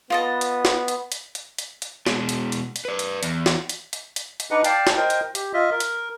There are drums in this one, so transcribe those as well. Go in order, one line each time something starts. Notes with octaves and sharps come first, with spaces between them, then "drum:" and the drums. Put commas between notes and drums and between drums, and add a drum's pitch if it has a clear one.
B3 F4 D#5 A5
drum: hi-hat
drum: snare
drum: hi-hat
drum: hi-hat
drum: hi-hat
drum: hi-hat
drum: hi-hat
B2 G#3, drum: snare
drum: hi-hat
drum: hi-hat
drum: hi-hat
B4 D5
drum: hi-hat
E2, drum: hi-hat
drum: snare
drum: hi-hat
drum: hi-hat
drum: hi-hat
drum: hi-hat
D4 D#4 B4 D#5 F#5
D5 F5 G5 A5, drum: hi-hat
drum: snare
A#4 C5 D#5 G5
drum: hi-hat
G4, drum: hi-hat
F4 D#5 E5
A#4
drum: hi-hat